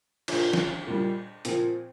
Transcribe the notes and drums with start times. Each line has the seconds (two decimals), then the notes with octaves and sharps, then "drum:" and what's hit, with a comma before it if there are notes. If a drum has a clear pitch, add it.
0.28 A#2 F3 D4, drum: cymbal
0.53 drum: snare
0.87 A#2 G3
1.45 A#2 F3 C4, drum: hi-hat